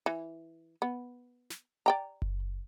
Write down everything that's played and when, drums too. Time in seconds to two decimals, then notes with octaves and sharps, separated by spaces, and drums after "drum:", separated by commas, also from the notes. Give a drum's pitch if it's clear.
0.06 E3
0.82 B3
1.50 drum: snare
1.86 D5 G5 A#5
2.22 drum: kick F#1